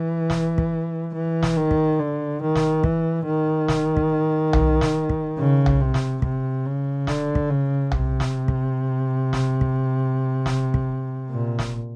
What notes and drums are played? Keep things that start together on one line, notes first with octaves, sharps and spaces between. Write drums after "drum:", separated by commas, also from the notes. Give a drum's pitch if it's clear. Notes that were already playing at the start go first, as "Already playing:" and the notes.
Already playing: E3
drum: snare
drum: kick
E3
drum: snare
D#3
drum: kick
D3
D#3
drum: snare
E3, drum: kick
D#3
drum: snare
drum: kick
drum: tom B1
drum: snare
drum: kick
C#3
drum: tom B1
C3
drum: snare
C3, drum: kick
C#3
D3, drum: snare
drum: kick
C#3
C3, drum: tom B1
drum: snare
drum: kick
drum: snare
drum: kick
drum: snare
drum: kick
A#2
drum: snare